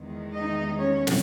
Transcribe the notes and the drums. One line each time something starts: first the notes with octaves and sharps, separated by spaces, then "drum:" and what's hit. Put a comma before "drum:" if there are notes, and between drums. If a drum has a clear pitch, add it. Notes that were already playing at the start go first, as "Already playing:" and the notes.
Already playing: E2 D#3 G#3
D#4 D#5
C#4 C#5
drum: snare